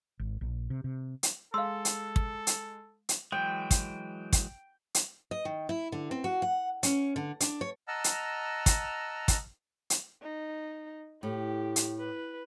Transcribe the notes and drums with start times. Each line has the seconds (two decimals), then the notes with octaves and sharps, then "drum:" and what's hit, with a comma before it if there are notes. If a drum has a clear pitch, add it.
0.19 G#1
0.41 A#1
0.70 C3
0.84 C3
1.23 drum: hi-hat
1.54 G#3 A4 F5 C6 E6
1.85 drum: hi-hat
2.16 drum: kick
2.47 drum: hi-hat
3.09 drum: hi-hat
3.32 E3 F#3 G#3 G5
3.71 drum: kick, hi-hat
4.33 drum: kick, hi-hat
4.95 drum: hi-hat
5.31 D#5
5.45 D#3
5.69 E4
5.92 D3
6.11 C4
6.24 F#4
6.42 F#5
6.83 C#4, drum: hi-hat
7.16 D3
7.40 D4, drum: hi-hat
7.61 C#5
7.88 D#5 F#5 A5 A#5 E6 F6
8.04 drum: hi-hat
8.66 drum: kick, hi-hat
9.28 drum: kick, hi-hat
9.90 drum: hi-hat
10.22 D#4
11.23 A2 G4
11.76 drum: hi-hat
12.00 B4